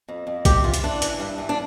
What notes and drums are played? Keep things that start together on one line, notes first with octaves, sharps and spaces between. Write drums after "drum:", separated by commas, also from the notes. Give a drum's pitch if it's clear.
F2
F2
C3 G4, drum: kick, hi-hat
E3 F4
drum: hi-hat
E3 D4
E3, drum: hi-hat
G2
E3
D4